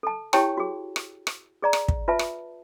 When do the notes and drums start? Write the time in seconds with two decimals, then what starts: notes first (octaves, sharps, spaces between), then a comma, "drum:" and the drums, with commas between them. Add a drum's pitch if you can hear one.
0.03 A4 A5
0.33 E4 G4 C#5 G5 A5 C#6, drum: rim click
0.57 F#4 G#4
0.96 drum: rim click
1.27 drum: rim click
1.62 G#4 D5 A#5
1.73 drum: rim click
1.88 drum: kick
2.08 F4 B4 E5 A5
2.19 drum: rim click